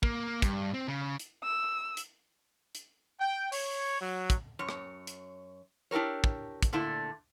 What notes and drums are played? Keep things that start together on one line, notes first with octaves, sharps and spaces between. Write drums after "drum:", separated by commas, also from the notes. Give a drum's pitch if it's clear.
A#3, drum: kick
G2, drum: kick, hi-hat
C4
C#3
drum: hi-hat
E6
drum: hi-hat
drum: hi-hat
G5
C#5, drum: open hi-hat
F#3
drum: kick, hi-hat
F#2 C#5
drum: rim click
drum: hi-hat
D4 E4 G4 A#4 C#5
drum: kick
drum: kick, hi-hat
A#2 D3 A3 E4